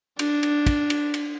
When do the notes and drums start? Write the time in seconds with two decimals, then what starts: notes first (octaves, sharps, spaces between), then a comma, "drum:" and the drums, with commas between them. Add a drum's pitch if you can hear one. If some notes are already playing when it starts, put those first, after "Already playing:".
0.19 D4, drum: cymbal
0.43 drum: cymbal
0.66 drum: kick, cymbal
0.90 drum: cymbal
1.14 drum: cymbal